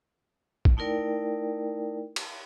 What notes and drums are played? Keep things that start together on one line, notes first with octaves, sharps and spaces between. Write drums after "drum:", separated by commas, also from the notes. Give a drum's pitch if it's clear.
drum: kick
A3 D#4 E4 A#4 D5 G5
drum: cymbal